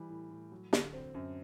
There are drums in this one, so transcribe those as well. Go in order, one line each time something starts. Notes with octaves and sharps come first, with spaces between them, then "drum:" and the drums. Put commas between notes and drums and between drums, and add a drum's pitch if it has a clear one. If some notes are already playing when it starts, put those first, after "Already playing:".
Already playing: E3 G3
A2
A2
F#3
D3, drum: snare
C4
F#2